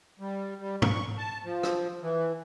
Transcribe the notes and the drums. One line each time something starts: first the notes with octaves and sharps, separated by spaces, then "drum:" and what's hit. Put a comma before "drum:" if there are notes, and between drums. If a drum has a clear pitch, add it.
G3
G3
C#6, drum: tom G#2
A5
F3
drum: rim click
E3